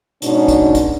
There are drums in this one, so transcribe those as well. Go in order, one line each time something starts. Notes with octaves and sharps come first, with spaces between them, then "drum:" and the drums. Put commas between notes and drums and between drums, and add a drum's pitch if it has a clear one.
G#2 B2 C#4 D4, drum: hi-hat
drum: kick, hi-hat
drum: kick, hi-hat